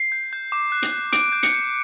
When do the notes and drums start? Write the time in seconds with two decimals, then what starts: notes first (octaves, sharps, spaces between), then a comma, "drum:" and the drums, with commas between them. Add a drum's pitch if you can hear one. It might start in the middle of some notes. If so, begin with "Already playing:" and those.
Already playing: C7
0.12 G6
0.33 G6
0.52 D6
0.72 F#6
0.82 drum: hi-hat
0.93 F#6
1.12 D6 D7, drum: hi-hat
1.32 G6
1.43 C#7, drum: hi-hat
1.53 G6